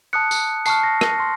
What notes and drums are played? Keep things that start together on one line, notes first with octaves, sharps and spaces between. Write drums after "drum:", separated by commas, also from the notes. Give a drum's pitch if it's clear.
A5 D#6 F#6 C#7
drum: tambourine
A5 C#6 F6 C7, drum: tambourine
A#6
A#6, drum: rim click
C6 F6